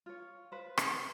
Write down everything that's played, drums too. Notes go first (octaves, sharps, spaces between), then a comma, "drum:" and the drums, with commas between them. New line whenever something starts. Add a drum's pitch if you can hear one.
F4 C#5
B4 C5
drum: rim click